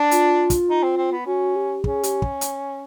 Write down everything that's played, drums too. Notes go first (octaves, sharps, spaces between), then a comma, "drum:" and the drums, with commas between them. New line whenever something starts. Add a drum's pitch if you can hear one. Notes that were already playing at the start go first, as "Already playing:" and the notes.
Already playing: D4
F4, drum: hi-hat
drum: kick, hi-hat
D#4
C4
C4
B3
C#4 F#4
G4
C#4 G#4, drum: kick
G4, drum: hi-hat
drum: kick
drum: hi-hat